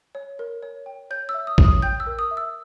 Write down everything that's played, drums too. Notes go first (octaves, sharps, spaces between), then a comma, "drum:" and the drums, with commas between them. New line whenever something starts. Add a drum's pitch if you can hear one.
C#5
A#4
C#5
G5
C#5 G6
E6
E5
D#6
C#5, drum: kick A1
D#6
G5 G6
E6
A#4
D#6
E5
E6